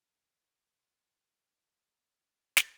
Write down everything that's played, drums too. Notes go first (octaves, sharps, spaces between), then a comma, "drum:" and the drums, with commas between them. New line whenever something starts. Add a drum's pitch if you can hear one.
G#2 F#5 G#6
drum: snare